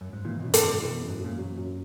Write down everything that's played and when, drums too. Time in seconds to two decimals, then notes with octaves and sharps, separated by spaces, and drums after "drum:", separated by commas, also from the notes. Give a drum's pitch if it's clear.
0.01 F#2
0.13 G#2
0.25 A#2 E3
0.40 F#2 B2
0.54 G#2, drum: hi-hat
0.63 B2 E3
0.82 B2 E3
1.00 F#2
1.09 G#2
1.19 F#2
1.25 A#2
1.38 F#3
1.57 F#2